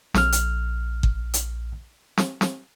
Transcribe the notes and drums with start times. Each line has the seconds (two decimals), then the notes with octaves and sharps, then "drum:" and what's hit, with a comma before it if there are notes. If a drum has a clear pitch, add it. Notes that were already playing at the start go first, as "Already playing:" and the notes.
0.14 A#1 F6, drum: snare
0.32 drum: hi-hat
1.03 drum: kick G1
1.34 drum: hi-hat
2.18 drum: snare
2.41 drum: snare